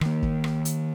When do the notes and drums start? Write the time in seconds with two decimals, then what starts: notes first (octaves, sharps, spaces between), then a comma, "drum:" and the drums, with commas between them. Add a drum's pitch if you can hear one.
0.01 D#3 A#3, drum: rim click
0.23 drum: kick
0.44 drum: rim click
0.65 drum: hi-hat